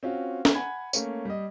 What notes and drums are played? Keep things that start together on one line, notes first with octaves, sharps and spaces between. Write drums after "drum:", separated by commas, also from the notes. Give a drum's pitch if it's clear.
C4 C#4 F4 F#4
drum: snare
F#5 G#5 B5 G#6
A3 A#3 C#4, drum: tambourine
G3 D#5